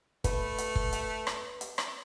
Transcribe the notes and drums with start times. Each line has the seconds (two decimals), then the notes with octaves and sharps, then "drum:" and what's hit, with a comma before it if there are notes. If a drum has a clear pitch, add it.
0.24 A3 B4, drum: kick, hi-hat
0.58 drum: hi-hat
0.75 drum: kick
0.93 drum: hi-hat
1.27 drum: rim click
1.61 drum: hi-hat
1.78 drum: rim click